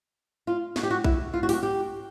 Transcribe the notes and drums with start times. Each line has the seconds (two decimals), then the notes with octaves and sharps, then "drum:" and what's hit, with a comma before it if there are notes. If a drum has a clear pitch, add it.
0.47 F4
0.76 F#4, drum: snare
0.83 G4
0.91 F#4
1.04 E4, drum: kick A#1
1.34 F4
1.43 F#4
1.49 G4, drum: open hi-hat
1.53 F#4
1.63 G4